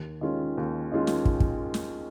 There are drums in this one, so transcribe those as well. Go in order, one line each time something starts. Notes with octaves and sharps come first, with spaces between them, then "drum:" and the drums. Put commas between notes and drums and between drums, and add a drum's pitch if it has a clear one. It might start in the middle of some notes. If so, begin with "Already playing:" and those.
Already playing: D#2
D#3 G#3 C#4 F4
D#2
D#3 G#3 C#4 F4
drum: snare
drum: kick
drum: kick
drum: snare